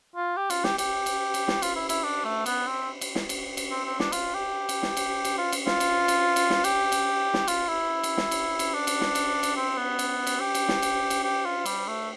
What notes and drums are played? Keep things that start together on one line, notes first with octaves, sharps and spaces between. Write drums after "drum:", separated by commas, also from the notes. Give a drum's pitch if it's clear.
F4
G4
F4, drum: cymbal
G4, drum: snare
G4, drum: cymbal
drum: cymbal
drum: cymbal
drum: snare
F4, drum: cymbal
E4
E4, drum: cymbal
D4
A3
B3, drum: cymbal
C4
drum: cymbal
drum: snare
drum: cymbal
drum: cymbal
C4
C4
D4, drum: snare
F4, drum: cymbal
G4
drum: cymbal
drum: snare
drum: cymbal
drum: cymbal
F4
drum: cymbal
F4, drum: snare
drum: cymbal
drum: cymbal
drum: cymbal
drum: snare
G4, drum: cymbal
drum: cymbal
drum: snare
F4, drum: cymbal
E4
drum: cymbal
drum: snare
drum: cymbal
drum: cymbal
D4
drum: cymbal
drum: snare
drum: cymbal
drum: cymbal
C4
B3
drum: cymbal
drum: cymbal
G4
drum: cymbal
drum: snare
drum: cymbal
drum: cymbal
G4
F4
G3, drum: cymbal
A3